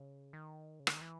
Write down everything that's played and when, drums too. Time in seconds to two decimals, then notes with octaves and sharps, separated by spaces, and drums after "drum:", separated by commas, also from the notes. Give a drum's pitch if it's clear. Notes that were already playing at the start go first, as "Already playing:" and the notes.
Already playing: C#3
0.33 D#3
0.80 C#3
0.87 D3, drum: rim click
0.94 D#3
1.02 E3